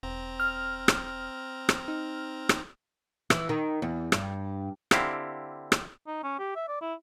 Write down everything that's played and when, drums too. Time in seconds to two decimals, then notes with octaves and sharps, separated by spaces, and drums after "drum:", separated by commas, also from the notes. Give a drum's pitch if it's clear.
0.03 E1 C4 A#5
0.40 F6
0.88 drum: rim click
1.69 drum: rim click
1.88 D#4
2.49 drum: rim click
3.30 E3, drum: rim click
3.49 D#3
3.82 E2
4.12 G2, drum: rim click
4.91 D3 C4 E4 G4 F5 A#5, drum: rim click
5.72 drum: rim click
6.07 D#4
6.23 C#4
6.39 G4
6.56 E5
6.68 D5
6.81 E4